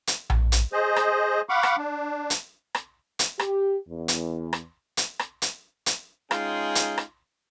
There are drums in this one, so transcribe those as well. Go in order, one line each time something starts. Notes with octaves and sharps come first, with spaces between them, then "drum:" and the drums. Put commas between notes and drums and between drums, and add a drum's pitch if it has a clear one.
drum: hi-hat
drum: tom A#1
drum: hi-hat
G#4 C5 D#5
drum: rim click
F5 F#5 B5 C#6 D6
drum: rim click
D4
drum: hi-hat
drum: rim click
drum: hi-hat
G4, drum: rim click
E2
drum: hi-hat
drum: rim click
drum: hi-hat
drum: rim click
drum: hi-hat
drum: hi-hat
G#3 C#4 D#4 F4 G#4 G5, drum: rim click
drum: hi-hat
drum: rim click